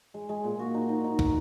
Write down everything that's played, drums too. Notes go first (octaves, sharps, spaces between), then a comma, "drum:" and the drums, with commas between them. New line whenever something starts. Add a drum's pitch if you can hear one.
G#3
G#3
A#2
F#4
D#4
D#4
D#4
F#4, drum: kick